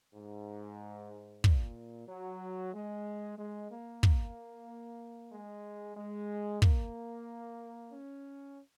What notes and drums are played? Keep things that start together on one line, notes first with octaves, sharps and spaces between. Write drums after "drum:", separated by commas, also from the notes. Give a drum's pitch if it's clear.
G#2
A#2, drum: kick
F#3
G#3
G#3
A#3
drum: kick
G#3
G#3
A#3, drum: kick
C#4